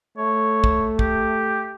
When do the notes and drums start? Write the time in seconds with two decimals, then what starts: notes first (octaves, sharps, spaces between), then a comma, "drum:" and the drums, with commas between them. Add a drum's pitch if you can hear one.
0.18 A3 C#5
0.64 drum: kick
0.99 G4, drum: kick